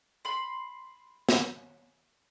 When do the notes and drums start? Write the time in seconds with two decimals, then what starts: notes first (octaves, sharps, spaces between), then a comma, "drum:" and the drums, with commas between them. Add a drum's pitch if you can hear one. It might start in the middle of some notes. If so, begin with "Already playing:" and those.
0.25 B5 C6
1.29 drum: snare